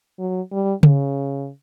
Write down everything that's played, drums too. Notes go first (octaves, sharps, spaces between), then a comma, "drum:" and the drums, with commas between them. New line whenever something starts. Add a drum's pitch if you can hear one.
F#3
G3
C#3, drum: tom C#3